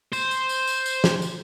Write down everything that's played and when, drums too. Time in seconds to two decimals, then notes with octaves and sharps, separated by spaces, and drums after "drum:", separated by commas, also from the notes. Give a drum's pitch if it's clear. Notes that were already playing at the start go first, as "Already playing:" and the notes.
0.13 C5, drum: tambourine
0.31 drum: tambourine
0.49 drum: tambourine
0.67 drum: tambourine
0.86 drum: tambourine
1.04 drum: snare
1.22 drum: tambourine